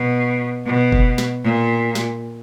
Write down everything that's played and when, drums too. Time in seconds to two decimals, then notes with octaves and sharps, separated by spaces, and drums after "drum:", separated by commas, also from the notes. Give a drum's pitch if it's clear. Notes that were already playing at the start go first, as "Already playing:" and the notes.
Already playing: B2
0.66 B2
0.92 drum: kick F#1
1.18 drum: snare
1.44 A#2
1.95 drum: snare